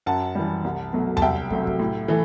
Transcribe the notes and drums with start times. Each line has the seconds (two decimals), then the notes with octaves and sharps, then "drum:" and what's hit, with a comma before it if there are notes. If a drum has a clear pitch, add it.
0.06 F#2 F#5 A5
0.35 E3 G3
0.64 C2
0.93 B2 F#3 A3
1.17 A5, drum: tom E2
1.22 C2 E5 G5
1.50 C3 F#3 A3, drum: kick
1.67 drum: kick
1.80 A2
2.08 E3 A3